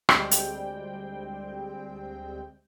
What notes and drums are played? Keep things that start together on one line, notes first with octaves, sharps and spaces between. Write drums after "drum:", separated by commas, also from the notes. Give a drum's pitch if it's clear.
D2 G3 G#3 C4 G5, drum: rim click
drum: hi-hat